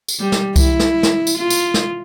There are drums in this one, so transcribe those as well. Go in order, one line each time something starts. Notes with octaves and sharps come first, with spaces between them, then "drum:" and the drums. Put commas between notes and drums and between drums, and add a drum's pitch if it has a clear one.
drum: tambourine
G3
drum: snare
E4, drum: kick C2, tambourine
drum: snare
drum: snare
drum: tambourine
F4
drum: tambourine
drum: snare